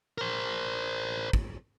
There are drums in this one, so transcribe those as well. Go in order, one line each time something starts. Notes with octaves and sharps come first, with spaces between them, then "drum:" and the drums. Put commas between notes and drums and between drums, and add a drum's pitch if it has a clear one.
A#4 C5
drum: kick